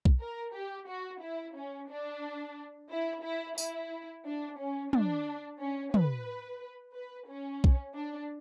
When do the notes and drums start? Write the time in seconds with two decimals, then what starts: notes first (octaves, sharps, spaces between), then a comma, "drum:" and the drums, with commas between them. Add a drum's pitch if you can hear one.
0.05 drum: kick B1
0.21 A#4
0.55 G4
0.88 F#4
1.22 E4
1.57 C#4
1.90 D4
2.90 E4
3.24 E4
3.58 E4, drum: tambourine
4.26 D4
4.59 C#4
4.93 D4, drum: tom
5.60 C#4
5.94 B4, drum: tom
6.94 B4
7.29 C#4
7.64 drum: kick B1
7.95 D4